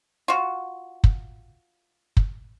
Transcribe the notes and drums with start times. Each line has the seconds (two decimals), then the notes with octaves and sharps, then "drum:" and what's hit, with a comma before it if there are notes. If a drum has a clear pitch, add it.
0.28 F4 F#4
1.04 drum: kick
2.17 drum: kick